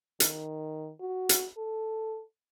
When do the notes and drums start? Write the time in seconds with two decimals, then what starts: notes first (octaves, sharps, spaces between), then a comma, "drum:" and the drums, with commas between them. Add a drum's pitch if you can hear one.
0.20 D#3, drum: hi-hat
1.01 F#4
1.29 drum: hi-hat
1.57 A4